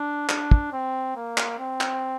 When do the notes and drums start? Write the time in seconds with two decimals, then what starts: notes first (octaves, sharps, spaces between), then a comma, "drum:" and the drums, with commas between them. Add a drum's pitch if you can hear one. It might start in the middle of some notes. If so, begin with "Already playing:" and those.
Already playing: D4
0.29 D4, drum: clap
0.51 drum: kick
0.73 C4
1.16 A#3
1.38 drum: clap
1.59 C4
1.81 drum: clap